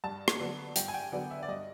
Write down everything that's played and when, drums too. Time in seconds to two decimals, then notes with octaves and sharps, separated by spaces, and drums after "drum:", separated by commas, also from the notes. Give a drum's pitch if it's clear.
0.04 G2 A5
0.28 drum: rim click
0.40 D3 F#3 B3 D4
0.76 G2 G5, drum: hi-hat
0.88 G#5
0.94 G5
1.12 D3 F#3 B3 D4 F#5
1.30 E5
1.43 D5
1.48 G2 D#5